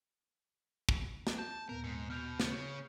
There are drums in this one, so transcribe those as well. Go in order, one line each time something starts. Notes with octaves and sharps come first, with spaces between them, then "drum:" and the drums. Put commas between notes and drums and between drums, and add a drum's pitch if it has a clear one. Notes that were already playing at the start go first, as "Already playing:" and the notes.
drum: kick
drum: snare
A5 G6
D#2 A#2 B3 A#4
G#2 C#7
B2 F6 G6 F7
C#3 C#4, drum: snare